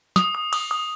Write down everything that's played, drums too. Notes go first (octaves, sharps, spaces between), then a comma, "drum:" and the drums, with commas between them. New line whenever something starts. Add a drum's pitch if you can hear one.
D#6, drum: snare
D#6
D#6, drum: cymbal
D#6